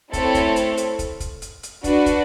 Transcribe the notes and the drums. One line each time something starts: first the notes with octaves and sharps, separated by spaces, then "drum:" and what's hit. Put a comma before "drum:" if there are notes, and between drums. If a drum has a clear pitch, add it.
A3 C4 E4 A4 C#5, drum: kick, hi-hat
drum: kick, hi-hat
drum: hi-hat
drum: hi-hat
drum: kick, hi-hat
drum: kick, hi-hat
drum: hi-hat
drum: hi-hat
D4 F#4 B4, drum: kick, hi-hat
drum: kick, hi-hat